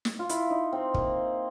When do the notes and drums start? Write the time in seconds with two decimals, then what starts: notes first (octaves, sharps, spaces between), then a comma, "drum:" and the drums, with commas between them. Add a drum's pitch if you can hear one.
0.05 drum: snare
0.19 F4
0.29 E4, drum: hi-hat
0.50 D#4
0.73 C4
0.94 A#3, drum: kick